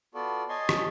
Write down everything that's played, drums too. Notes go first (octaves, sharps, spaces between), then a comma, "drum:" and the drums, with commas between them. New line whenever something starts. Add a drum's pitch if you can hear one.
B3 F4 F#4 A4 D5
C#5 D#5 G#5 A5 C6
drum: rim click